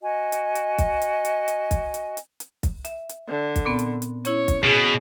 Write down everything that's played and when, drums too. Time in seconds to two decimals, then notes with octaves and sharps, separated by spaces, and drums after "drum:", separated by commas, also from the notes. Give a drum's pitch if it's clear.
0.01 F#4 D#5 G#5
0.32 drum: hi-hat
0.55 drum: hi-hat
0.78 drum: kick, hi-hat
1.02 drum: hi-hat
1.25 drum: hi-hat
1.48 drum: hi-hat
1.71 drum: kick, hi-hat
1.94 drum: hi-hat
2.17 drum: hi-hat
2.40 drum: hi-hat
2.63 drum: kick, hi-hat
2.85 E5, drum: hi-hat
3.09 drum: hi-hat
3.29 D3
3.56 drum: kick, hi-hat
3.65 A#2 B3 C4
3.79 drum: hi-hat
4.02 drum: hi-hat
4.25 C#4 E4 C#5, drum: hi-hat
4.48 drum: kick, hi-hat
4.65 B2 G#4